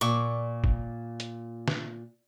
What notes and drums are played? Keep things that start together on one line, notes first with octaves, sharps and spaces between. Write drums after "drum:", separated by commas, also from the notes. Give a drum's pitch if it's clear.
A#2 C#6 D6
drum: kick F#1
drum: hi-hat
drum: snare